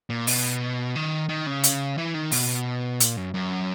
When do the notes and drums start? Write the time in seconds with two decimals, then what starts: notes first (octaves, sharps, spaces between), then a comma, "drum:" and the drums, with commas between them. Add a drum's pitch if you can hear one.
0.10 A#2
0.27 B2, drum: open hi-hat
0.95 D#3
1.29 D#3
1.47 C#3
1.64 drum: hi-hat
1.98 E3
2.14 D#3
2.31 B2, drum: open hi-hat
3.00 A#2, drum: hi-hat
3.17 F#2
3.34 F#2